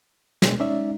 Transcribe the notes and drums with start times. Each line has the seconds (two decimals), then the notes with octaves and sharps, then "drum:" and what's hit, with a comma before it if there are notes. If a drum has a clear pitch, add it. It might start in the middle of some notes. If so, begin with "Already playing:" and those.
0.42 B2 G#3, drum: snare
0.60 G#3 C#4 D#4 D5 E5